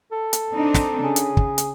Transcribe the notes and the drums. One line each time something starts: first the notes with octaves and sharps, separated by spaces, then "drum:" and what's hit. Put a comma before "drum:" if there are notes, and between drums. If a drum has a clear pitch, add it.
A4
drum: hi-hat
C4 D4 D#4
drum: snare
C#3 G#4
drum: hi-hat
drum: kick
drum: hi-hat